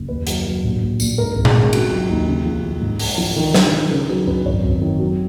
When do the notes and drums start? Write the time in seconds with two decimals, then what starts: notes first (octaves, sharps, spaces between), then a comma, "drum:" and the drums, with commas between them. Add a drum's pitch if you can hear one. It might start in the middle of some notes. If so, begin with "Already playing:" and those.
Already playing: F#1
0.09 D#2 B4
0.27 F#3, drum: hi-hat
0.45 F#3
0.64 A#1
0.81 A#1
1.00 A#1, drum: tambourine
1.18 G#2 A#4
1.36 G#1
1.45 G#4, drum: tom A#2
1.54 G#2
1.73 C#3 F#4, drum: cymbal
1.90 F#3 F4
2.09 D#2 D#4
2.27 C#3 C#4
2.45 F3
2.64 D#2
2.81 G#2
2.99 G#2, drum: open hi-hat
3.18 F3
3.36 D#3
3.54 D#3, drum: snare
3.72 D#3
3.91 C#3 A#4
4.09 F#3 B4
4.27 F#2 B4
4.45 G#1 C#5
4.63 G#1
4.81 D#3
5.00 F#3